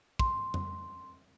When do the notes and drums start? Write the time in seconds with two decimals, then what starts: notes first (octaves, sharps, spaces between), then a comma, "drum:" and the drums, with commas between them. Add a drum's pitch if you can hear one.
0.19 C6, drum: kick
0.54 drum: tom F2